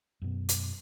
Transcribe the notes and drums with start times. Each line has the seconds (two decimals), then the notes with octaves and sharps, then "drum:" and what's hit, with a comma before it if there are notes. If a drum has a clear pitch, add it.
0.22 F#2 B2
0.49 drum: hi-hat